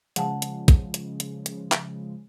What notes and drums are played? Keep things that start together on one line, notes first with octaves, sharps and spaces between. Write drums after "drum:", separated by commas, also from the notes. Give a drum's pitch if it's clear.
C#3 F3 G#3 F#5 A5, drum: hi-hat
drum: hi-hat
drum: kick, hi-hat
drum: hi-hat
drum: hi-hat
drum: hi-hat
drum: clap